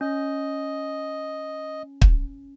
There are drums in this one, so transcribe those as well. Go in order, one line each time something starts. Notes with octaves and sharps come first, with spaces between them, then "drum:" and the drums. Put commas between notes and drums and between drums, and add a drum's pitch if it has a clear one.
C#4 D#5
drum: kick